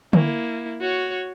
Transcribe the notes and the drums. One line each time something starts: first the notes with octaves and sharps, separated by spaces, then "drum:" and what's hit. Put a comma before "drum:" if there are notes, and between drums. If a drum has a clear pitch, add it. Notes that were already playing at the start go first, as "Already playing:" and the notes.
A#3 E4, drum: tom D3
F#4 C#5